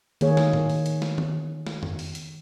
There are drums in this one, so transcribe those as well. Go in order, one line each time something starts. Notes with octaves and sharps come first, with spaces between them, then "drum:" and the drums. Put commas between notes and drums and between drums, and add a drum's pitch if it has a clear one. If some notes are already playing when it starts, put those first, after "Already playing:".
D#3 A#3 G#4 C#5, drum: hi-hat
drum: snare
drum: tom A2
drum: open hi-hat
drum: hi-hat
drum: snare
drum: tom D#3
drum: snare
drum: tom F2
drum: open hi-hat
drum: hi-hat